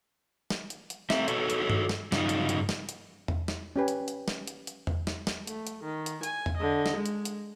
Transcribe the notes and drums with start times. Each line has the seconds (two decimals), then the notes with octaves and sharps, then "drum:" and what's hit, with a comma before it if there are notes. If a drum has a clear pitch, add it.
0.50 drum: snare
0.70 drum: hi-hat
0.90 drum: hi-hat
1.10 A3 C4 E5, drum: snare
1.28 F#4 A4 B4 C#5, drum: hi-hat
1.50 drum: hi-hat
1.70 drum: tom G2
1.89 drum: snare
2.12 G2 C#3 F#3 B3 D#4 F4, drum: snare
2.29 drum: hi-hat
2.49 drum: hi-hat
2.69 drum: snare
2.89 drum: hi-hat
3.28 drum: tom E2
3.48 drum: snare
3.76 C#4 G4 B4 G#5
3.88 drum: hi-hat
4.08 drum: hi-hat
4.28 drum: snare
4.47 drum: hi-hat
4.67 drum: hi-hat
4.87 drum: tom E2
5.07 drum: snare
5.27 drum: snare
5.47 A3, drum: hi-hat
5.67 drum: hi-hat
5.83 D#3
6.06 drum: hi-hat
6.23 G#5, drum: hi-hat
6.46 drum: tom E2
6.57 D3 D#5
6.86 drum: snare
6.96 G#3
7.06 drum: hi-hat
7.25 drum: hi-hat